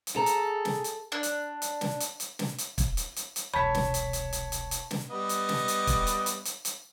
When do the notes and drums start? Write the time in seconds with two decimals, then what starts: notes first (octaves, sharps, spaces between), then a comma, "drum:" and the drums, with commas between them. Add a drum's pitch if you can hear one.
0.07 drum: hi-hat
0.16 G#4 A4 A#5
0.26 drum: hi-hat
0.65 drum: snare
0.84 drum: hi-hat
1.12 D4
1.23 drum: hi-hat
1.62 drum: hi-hat
1.81 drum: snare
2.00 drum: hi-hat
2.20 drum: hi-hat
2.39 drum: snare
2.58 drum: hi-hat
2.78 drum: kick, hi-hat
2.97 drum: hi-hat
3.16 drum: hi-hat
3.36 drum: hi-hat
3.54 E1 C2 C#5 A5 B5 B6
3.74 drum: snare
3.94 drum: hi-hat
4.13 drum: hi-hat
4.33 drum: hi-hat
4.52 drum: hi-hat
4.71 drum: hi-hat
4.91 drum: snare
5.10 G3 B3 D#5
5.29 drum: hi-hat
5.49 drum: snare
5.68 drum: hi-hat
5.87 drum: kick, hi-hat
6.07 drum: hi-hat
6.26 drum: hi-hat
6.45 drum: hi-hat
6.65 drum: hi-hat